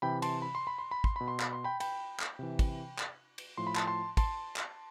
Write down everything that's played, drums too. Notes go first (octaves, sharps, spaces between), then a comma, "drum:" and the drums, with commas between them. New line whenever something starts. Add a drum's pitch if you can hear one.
C3 E3 G5 B5
A5 C6, drum: cymbal
B5
C6
B5
C6
B5
C6, drum: kick
B2 B5
C6
B5, drum: clap
C6
G5 B5
G5 B5, drum: cymbal
drum: clap
C3 E3
drum: kick, cymbal
drum: clap
drum: cymbal
A2 F3 C6
B5
A5 C6, drum: clap
A5 C6
A5 C6, drum: kick, cymbal
drum: clap